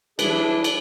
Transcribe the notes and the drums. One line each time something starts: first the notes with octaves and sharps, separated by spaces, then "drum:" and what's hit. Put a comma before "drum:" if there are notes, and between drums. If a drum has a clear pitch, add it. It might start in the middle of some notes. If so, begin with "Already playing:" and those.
E3 F#3 G3 D4 E4 G#4 B4, drum: cymbal
drum: cymbal